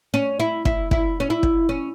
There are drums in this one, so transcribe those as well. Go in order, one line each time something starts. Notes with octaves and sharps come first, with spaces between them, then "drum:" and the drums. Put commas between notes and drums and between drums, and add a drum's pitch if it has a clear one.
C#4
E4
E4, drum: kick
E4, drum: kick
C#4
E4
drum: kick
C#4